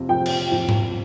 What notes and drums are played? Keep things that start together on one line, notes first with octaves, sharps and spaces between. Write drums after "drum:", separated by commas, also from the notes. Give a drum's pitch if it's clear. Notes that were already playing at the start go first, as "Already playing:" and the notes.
Already playing: F2 C3
F3 G5
drum: cymbal
F2
drum: tom G#2